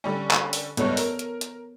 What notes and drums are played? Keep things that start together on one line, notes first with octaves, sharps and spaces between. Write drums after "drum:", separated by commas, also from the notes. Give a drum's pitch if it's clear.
D3 G3 C#4
drum: clap
drum: open hi-hat
C#2 G2 B3 A4 C#5, drum: hi-hat
A#4, drum: open hi-hat
drum: hi-hat
drum: hi-hat